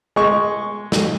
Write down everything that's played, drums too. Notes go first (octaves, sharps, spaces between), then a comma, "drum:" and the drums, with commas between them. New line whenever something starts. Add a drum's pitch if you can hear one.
G#3 C#6
drum: snare